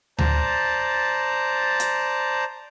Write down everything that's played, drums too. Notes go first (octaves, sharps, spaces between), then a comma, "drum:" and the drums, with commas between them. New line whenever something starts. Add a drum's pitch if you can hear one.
C5 D5 A5 A#5, drum: tom D2
drum: hi-hat